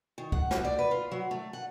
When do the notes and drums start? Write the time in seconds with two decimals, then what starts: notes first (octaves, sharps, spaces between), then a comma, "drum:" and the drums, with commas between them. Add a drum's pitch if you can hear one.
0.18 D#3
0.32 F#5, drum: kick C2
0.51 F#4, drum: snare
0.65 D5
0.79 B4
0.91 F4
1.12 F#3
1.31 A3
1.53 F#5